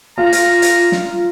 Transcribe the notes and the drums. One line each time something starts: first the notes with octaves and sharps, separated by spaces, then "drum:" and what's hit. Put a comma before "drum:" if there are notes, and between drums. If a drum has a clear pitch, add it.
F4 A#5
drum: hi-hat
drum: hi-hat
drum: snare